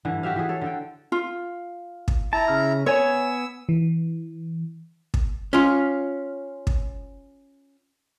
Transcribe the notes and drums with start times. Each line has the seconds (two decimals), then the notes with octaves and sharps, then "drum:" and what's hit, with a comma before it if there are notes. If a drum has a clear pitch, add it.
0.05 G2 D3 E3
0.23 F#4 G4 E5 F5
0.36 E3 F#4 G#4
0.49 A4 C#5
0.61 D3 A4 G5
1.12 F4
2.08 drum: kick
2.33 E4 A5 A#5
2.48 C#3 F6
2.86 B3 C#5 G#5 E6
3.69 E3
5.14 drum: kick
5.53 C#4 F4
6.67 drum: kick